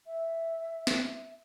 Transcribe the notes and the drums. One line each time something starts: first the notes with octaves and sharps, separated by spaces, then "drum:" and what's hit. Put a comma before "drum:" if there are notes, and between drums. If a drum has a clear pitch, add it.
E5
drum: snare